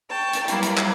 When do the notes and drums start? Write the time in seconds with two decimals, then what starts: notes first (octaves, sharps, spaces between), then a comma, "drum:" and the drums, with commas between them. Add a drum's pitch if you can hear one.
0.10 G5 A5 C#6
0.33 drum: hi-hat
0.48 F#3 G3 A#3 B3 E4, drum: hi-hat
0.63 drum: hi-hat
0.77 drum: clap